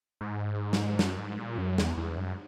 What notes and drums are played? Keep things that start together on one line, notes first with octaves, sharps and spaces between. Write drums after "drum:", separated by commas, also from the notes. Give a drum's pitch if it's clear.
G#2
drum: snare
F#2, drum: snare
G#2
A#2
F#2
E2, drum: snare
E2
F#2